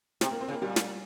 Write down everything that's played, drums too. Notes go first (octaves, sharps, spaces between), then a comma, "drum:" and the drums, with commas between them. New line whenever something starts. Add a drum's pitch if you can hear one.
C3 C4, drum: snare
A#3
C4
C#3
A#3
A#2 G3
drum: snare